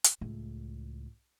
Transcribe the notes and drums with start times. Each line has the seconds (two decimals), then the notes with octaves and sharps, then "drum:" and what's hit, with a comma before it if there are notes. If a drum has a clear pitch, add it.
0.04 drum: hi-hat
0.21 C#2 A2